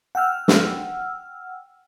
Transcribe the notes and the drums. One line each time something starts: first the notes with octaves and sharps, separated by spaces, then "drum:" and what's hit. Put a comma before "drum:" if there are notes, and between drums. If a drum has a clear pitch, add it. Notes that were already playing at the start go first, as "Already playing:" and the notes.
F#5 G5 E6 F6
drum: snare